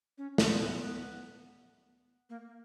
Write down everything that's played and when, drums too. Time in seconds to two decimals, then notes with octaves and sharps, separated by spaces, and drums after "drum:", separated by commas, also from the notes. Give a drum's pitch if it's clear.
0.18 C#4
0.38 A#3, drum: snare
0.48 B3
2.30 A#3